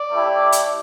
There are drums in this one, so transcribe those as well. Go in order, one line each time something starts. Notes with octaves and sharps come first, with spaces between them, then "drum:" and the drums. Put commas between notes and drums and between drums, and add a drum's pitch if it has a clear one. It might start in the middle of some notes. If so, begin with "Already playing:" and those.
Already playing: D5
A3 E4 G4
drum: hi-hat